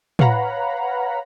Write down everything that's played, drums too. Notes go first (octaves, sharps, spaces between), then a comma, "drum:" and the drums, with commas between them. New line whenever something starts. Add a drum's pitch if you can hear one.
B4 C#5 F5 F#5 A#5 B5, drum: tom